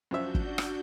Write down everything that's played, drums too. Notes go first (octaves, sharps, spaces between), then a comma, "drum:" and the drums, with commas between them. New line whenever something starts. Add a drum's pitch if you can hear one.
F#2 F3 D4 F#4 E5 G6
drum: kick
drum: rim click